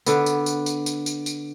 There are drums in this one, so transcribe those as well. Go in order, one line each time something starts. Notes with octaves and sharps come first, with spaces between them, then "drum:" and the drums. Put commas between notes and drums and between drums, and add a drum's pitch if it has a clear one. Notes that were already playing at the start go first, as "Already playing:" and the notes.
D3 B3, drum: tambourine
drum: tambourine
drum: tambourine
drum: tambourine
drum: tambourine
drum: tambourine
drum: tambourine